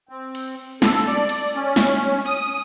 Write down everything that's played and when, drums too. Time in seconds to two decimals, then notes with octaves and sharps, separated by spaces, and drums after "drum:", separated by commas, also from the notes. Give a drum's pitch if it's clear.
0.09 C4
0.35 drum: cymbal
0.82 A4, drum: snare
1.07 D5
1.29 drum: cymbal
1.55 C#4
1.76 drum: snare
2.26 D#6, drum: cymbal